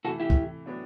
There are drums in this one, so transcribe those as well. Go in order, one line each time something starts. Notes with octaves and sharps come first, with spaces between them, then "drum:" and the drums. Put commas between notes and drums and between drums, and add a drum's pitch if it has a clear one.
C3 E3 A3 F#4 A4
E4 G4
drum: kick
A2 F#3 B3 D4